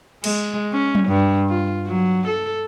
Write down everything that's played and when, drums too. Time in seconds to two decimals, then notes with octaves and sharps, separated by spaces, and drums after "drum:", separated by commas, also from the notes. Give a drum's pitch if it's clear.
0.24 G#3, drum: cymbal
0.73 C#4
0.95 drum: tom F#3
1.08 G2
1.49 F4
1.87 F#3
2.27 A4